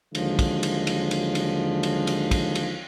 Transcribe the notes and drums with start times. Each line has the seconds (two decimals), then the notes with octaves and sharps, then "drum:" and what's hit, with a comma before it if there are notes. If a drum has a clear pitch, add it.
0.15 D#2 D3 F3 F#3 G#3, drum: cymbal
0.39 drum: kick, cymbal
0.63 drum: cymbal
0.87 drum: cymbal
1.11 drum: cymbal
1.35 drum: cymbal
1.83 drum: cymbal
2.07 drum: cymbal
2.31 drum: kick, cymbal
2.55 drum: cymbal